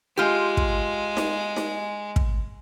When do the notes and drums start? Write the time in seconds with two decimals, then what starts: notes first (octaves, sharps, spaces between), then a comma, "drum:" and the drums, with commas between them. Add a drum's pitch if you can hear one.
0.17 G#3 F4 G4
0.57 drum: kick
1.17 drum: snare D#4
1.56 drum: snare D#4
2.16 drum: kick